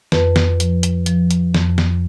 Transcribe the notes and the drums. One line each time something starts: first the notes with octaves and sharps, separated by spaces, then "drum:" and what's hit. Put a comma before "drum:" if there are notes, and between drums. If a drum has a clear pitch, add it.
F2 B4, drum: snare
drum: snare
F3, drum: hi-hat
drum: hi-hat
F3, drum: hi-hat
drum: hi-hat
F2, drum: snare
drum: snare